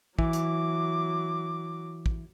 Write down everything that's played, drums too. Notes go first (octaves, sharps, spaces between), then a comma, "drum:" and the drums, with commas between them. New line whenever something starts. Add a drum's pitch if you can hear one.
E3 F#3 D6, drum: kick
drum: hi-hat
drum: kick